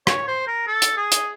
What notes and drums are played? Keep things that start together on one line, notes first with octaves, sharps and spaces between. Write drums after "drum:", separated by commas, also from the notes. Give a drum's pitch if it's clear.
C#5, drum: rim click
C5
A#4
A4
drum: hi-hat
G#4
drum: hi-hat